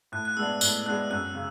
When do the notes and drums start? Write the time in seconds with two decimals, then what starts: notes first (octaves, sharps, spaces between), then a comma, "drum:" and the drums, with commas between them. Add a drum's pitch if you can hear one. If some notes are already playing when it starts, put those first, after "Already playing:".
0.12 A2 F#6
0.25 F#6
0.37 G#3 B3 D4 E6
0.61 A2 F#6, drum: tambourine
0.86 G#3 B3 D4 F#6
1.10 F#2 F#6
1.35 C#3